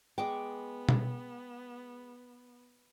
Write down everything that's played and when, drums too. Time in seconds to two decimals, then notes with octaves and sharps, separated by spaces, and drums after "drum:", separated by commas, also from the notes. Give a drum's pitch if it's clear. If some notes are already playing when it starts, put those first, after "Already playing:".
0.18 G#3 B3 G5 C#6 D6
0.89 drum: tom B2